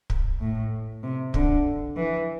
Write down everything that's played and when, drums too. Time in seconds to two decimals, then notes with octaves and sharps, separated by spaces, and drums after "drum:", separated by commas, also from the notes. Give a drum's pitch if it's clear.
0.10 drum: kick
0.41 A2
1.03 C3
1.34 D3, drum: kick
1.97 E3